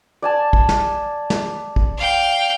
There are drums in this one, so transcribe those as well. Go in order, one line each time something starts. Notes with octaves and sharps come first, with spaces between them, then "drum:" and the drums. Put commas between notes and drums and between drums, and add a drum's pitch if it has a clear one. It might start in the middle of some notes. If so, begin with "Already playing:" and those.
D5 G#5 A5
drum: kick
drum: snare
drum: snare
drum: kick
F5 G5